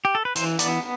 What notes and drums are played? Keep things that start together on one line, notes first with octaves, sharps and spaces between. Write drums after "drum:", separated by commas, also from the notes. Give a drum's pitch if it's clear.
G4
A4
B4
E3 C5, drum: hi-hat
B3 D5, drum: hi-hat